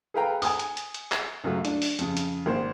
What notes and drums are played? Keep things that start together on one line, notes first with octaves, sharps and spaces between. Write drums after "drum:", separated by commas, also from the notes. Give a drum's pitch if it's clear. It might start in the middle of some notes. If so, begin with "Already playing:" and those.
G#4 A4 B4 F5 G5 A#5
G#5 D#6, drum: open hi-hat
drum: hi-hat
drum: hi-hat
drum: hi-hat
drum: clap
C#2 F#2 F#3 A3
D4, drum: hi-hat
drum: open hi-hat
F2 C#3, drum: hi-hat
drum: hi-hat
G#1 A#3 C5